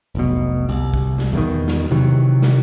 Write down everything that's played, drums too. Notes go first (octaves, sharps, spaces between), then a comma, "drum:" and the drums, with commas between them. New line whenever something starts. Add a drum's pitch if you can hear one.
F1 B1 B2
C2
drum: kick
drum: snare
E2 B2 D#3
drum: snare
C3 D#3 E3 F#3
drum: snare